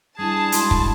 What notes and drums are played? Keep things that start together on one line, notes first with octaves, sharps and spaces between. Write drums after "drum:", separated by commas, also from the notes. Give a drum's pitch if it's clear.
G3 D4 E4 G#4 A5
G#3 E4 F#4 C6, drum: hi-hat
drum: kick